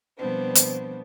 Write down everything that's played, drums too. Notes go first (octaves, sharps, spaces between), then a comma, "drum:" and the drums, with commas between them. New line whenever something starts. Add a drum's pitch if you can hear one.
B2 F3 G3 B3 C4 D4
drum: hi-hat